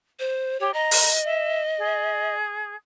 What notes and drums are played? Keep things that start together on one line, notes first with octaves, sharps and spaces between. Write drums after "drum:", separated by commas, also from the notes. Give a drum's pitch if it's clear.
C5
G4 C#5
D#5 A#5
drum: open hi-hat
E5
G#4